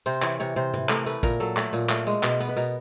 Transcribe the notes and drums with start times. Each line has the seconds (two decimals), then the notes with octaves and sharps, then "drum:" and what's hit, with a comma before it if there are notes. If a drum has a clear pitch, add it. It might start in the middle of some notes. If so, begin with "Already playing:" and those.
0.06 C3 C5, drum: tambourine
0.22 E3 C#5, drum: clap
0.40 C3 C#5, drum: tambourine
0.56 C3 C5
0.74 E3, drum: tom
0.89 A3 A#4, drum: clap
1.06 A3 B4, drum: tambourine
1.23 A#2 A#4, drum: kick, tambourine
1.40 F#3 A4
1.57 A3, drum: clap
1.73 A#2, drum: tambourine
1.89 A3, drum: clap
2.07 G#3, drum: tambourine
2.23 B2, drum: clap
2.40 B3, drum: tambourine
2.49 B4
2.56 B2 A#4, drum: tambourine